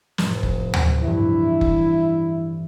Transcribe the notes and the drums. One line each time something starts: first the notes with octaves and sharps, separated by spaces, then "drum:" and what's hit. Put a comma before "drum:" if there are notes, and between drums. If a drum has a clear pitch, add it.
F1 A2, drum: snare
drum: kick F#1
drum: tom D2
G2 E3 E4
drum: kick F#1